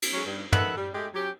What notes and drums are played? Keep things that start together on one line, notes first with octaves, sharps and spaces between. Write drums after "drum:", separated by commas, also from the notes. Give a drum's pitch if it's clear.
drum: cymbal
F#3 G#3 C#4
G2
D#3 A4 B4 E5 F#5, drum: tom
G3
G#3 A3 G4
F#3 C#4 G4